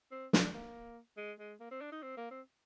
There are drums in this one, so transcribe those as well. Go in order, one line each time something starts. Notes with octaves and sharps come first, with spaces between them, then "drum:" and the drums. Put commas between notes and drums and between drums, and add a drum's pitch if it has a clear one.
C4
D4, drum: snare
A#3
G#3
G#3
A#3
C4
D4
D#4
C4
A#3
C4